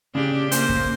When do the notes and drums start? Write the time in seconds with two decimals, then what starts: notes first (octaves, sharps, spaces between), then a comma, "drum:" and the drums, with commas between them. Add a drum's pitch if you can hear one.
0.15 C#3 D4 G4
0.52 A#3 C5, drum: hi-hat
0.69 drum: kick